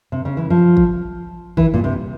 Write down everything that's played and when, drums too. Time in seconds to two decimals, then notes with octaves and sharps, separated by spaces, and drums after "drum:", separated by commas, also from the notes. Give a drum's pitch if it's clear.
0.12 C3
0.25 C#3
0.37 E3
0.50 F3
0.77 drum: kick
1.57 E3, drum: kick
1.74 A#2
1.84 C3